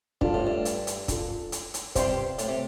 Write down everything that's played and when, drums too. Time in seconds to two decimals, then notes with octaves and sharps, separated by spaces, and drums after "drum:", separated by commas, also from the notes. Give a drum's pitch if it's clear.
0.21 G2 D4 F4 A4, drum: kick
0.34 A2
0.47 G2
0.65 drum: hi-hat
0.87 drum: hi-hat
1.08 D4 F4 A4, drum: kick, hi-hat
1.52 drum: hi-hat
1.74 drum: hi-hat
1.95 G2 C3 C5 G5 C6, drum: kick, hi-hat
2.38 A2, drum: hi-hat
2.48 C3